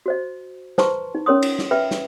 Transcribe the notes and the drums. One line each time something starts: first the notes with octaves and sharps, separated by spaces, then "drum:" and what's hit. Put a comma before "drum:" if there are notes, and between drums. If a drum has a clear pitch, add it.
F#4 C5 D#5
B4 C5 A5 A#5 C6 C#6, drum: snare
D#4
C#4 A#4 C#5 C6 D#6
drum: cymbal
drum: snare
B4 E5 G5 B5
drum: snare